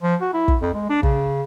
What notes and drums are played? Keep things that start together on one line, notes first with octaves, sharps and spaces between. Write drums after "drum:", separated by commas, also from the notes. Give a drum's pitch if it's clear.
F3
F#4
E4
drum: kick
F2
G#3
D4
C#3, drum: kick